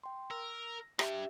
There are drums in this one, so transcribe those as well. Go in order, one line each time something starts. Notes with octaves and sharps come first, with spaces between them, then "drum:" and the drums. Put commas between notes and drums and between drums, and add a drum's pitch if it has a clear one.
G5 C6
A#4 E6
D4 G4 E5 G5, drum: rim click